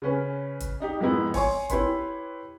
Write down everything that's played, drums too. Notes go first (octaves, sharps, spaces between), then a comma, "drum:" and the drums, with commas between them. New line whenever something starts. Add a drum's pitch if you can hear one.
C#3 C#4 B4
drum: kick, hi-hat
D4 D#4 G4
F2 G#2 F3 B3 D#4 E4
C#5 G#5 C6 C#6, drum: kick, open hi-hat
E4 G4 B4 C#5 B5 C6, drum: kick, hi-hat